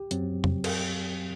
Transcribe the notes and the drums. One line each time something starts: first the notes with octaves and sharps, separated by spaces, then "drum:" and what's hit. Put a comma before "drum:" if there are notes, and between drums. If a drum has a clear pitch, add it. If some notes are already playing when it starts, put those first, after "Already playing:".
Already playing: G4
F#2 F#3 C4, drum: hi-hat
drum: tom F2
drum: cymbal